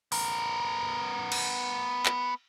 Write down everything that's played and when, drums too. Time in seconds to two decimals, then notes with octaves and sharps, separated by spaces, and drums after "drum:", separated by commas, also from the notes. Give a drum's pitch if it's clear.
0.12 B3 A#4, drum: open hi-hat
1.32 drum: cymbal
2.06 drum: clap